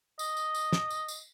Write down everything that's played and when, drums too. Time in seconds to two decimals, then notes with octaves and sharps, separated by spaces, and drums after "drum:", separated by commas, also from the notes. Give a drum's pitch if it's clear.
0.19 D#5, drum: tambourine
0.37 drum: tambourine
0.55 drum: tambourine
0.72 drum: snare
0.90 drum: tambourine
1.08 drum: tambourine